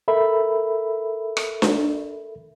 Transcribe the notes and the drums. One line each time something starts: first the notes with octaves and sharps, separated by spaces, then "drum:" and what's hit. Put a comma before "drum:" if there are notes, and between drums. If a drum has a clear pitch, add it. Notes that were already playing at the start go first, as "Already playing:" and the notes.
A4 A#4 E5 B5
drum: rim click
drum: snare D4